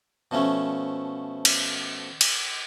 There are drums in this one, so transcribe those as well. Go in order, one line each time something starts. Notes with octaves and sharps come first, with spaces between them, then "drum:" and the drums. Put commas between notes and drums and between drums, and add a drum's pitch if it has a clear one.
B2 F3 A3 C#4
drum: cymbal
drum: cymbal